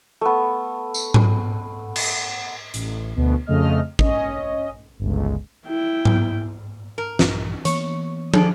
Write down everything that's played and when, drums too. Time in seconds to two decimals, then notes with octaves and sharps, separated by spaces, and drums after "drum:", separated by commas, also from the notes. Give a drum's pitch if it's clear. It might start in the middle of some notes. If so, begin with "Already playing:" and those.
0.21 A3 B3
0.94 drum: tambourine
1.14 drum: tom G#2
1.96 drum: cymbal
2.74 A1, drum: hi-hat
3.16 D2 B2
3.46 F2 C#3 A3 D#5 F6
3.99 C#4 D#5, drum: kick
5.00 G1 C#2
5.66 E4 G5
6.05 drum: tom G#2
6.98 A#4
7.19 A#1 G2, drum: snare
7.65 E3 A#3 B3 C#5, drum: hi-hat
8.34 G#4 A4 D5, drum: tom